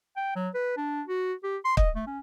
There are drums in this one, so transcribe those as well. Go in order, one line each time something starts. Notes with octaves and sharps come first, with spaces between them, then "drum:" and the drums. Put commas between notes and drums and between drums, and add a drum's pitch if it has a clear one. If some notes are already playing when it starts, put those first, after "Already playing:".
G5
F#3
B4
D4
F#4
G4
C6
D#5, drum: kick
A3
C#4